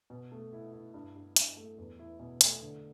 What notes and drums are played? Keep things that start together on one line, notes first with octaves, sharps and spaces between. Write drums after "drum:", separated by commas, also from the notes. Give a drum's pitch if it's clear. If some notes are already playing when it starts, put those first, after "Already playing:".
B2
A3
E4
E4
G2
G2
G2, drum: hi-hat
A3
E2
E4
B2
A3, drum: hi-hat
D3